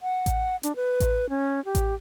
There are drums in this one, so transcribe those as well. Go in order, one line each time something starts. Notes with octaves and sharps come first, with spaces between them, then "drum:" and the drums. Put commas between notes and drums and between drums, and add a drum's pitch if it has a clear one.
F#5
drum: kick A1, hi-hat
D4, drum: hi-hat
B4
drum: kick A1, hi-hat
C#4
G4
drum: kick A1, hi-hat